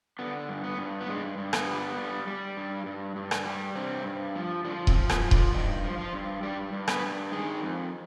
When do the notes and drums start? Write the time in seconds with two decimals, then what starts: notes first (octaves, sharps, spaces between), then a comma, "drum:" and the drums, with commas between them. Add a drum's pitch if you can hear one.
0.19 D3 B3
0.49 G2
0.64 B3
0.78 G2
1.01 B3
1.08 G2 G#3
1.38 G2
1.53 B3, drum: rim click
1.68 G3
1.97 G3
2.27 G3
2.57 G2
2.86 G2
3.16 G2
3.31 drum: rim click
3.46 G3
3.75 G2 C3 C4
4.05 G2
4.35 F3
4.65 D3 F3 D4
4.87 C3 C4, drum: kick D#1
4.95 F3
5.10 B3, drum: rim click
5.24 F3
5.31 D3 D4, drum: kick D#1
5.54 G2 D#3 D#4
5.84 F3
5.98 F3 F4
6.13 G2
6.43 G2 G3 G4
6.73 G2
6.88 B3 B4, drum: rim click
7.02 G2
7.32 D#3 G#3 G#4
7.62 F2